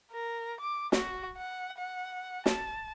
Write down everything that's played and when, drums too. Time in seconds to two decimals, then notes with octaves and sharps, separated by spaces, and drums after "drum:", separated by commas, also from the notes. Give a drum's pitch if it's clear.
0.12 A#4
0.60 D6
0.92 F#4, drum: snare
1.37 F#5
1.78 F#5
2.46 A5, drum: snare